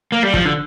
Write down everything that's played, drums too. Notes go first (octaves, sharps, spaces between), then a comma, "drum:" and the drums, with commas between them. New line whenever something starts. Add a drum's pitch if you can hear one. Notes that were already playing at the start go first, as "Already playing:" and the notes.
A#3
G3
F3, drum: kick
D3